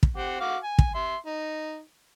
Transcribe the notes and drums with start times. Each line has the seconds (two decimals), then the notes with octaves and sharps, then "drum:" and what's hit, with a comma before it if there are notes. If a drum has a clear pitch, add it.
0.03 drum: kick
0.17 C4 G4 F#5
0.41 F#4 F5 D6
0.63 G#5
0.79 drum: kick
0.95 E5 C6
1.26 D#4